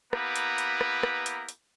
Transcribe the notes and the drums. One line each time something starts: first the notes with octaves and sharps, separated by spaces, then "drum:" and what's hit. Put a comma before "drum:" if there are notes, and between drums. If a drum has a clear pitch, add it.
A#3 B3 E4 G4 A#4 B4, drum: rim click
drum: hi-hat
drum: hi-hat
drum: rim click
drum: rim click
drum: hi-hat
drum: hi-hat